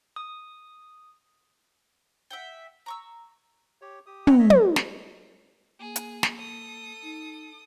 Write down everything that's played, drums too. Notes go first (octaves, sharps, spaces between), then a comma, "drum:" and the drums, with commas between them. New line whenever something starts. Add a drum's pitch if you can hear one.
D#6
E5 F#5 G5
A#5 C#6 E6
G4 C#5
G4 D#6
C4 B4 D#5 F#5 G5 A#5, drum: tom
C#5 D#5 E5
drum: tom
drum: snare
A#3 G#4
drum: hi-hat
drum: snare
A4 D#6
D#4